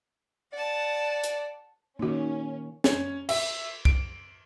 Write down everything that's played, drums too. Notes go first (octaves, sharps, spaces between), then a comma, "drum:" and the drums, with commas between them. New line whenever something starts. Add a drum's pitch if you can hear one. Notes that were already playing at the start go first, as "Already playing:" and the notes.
D5 F#5 A5
drum: hi-hat
D#3 A#3 C#4 D#4 F#4
C#4, drum: snare
E5, drum: cymbal
D7, drum: kick C2